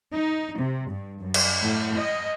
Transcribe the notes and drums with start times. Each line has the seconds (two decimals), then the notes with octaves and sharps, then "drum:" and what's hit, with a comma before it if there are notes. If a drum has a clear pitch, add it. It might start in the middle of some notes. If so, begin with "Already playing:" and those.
0.11 D#4
0.59 C3
0.89 G2
1.21 F#2
1.34 drum: cymbal
1.62 A2
1.96 D#5